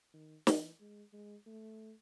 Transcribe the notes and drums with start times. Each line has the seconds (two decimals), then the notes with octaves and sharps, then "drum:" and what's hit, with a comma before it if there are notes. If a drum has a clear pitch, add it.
0.14 D#3
0.47 E3, drum: snare
0.80 G#3
1.13 G#3
1.46 A3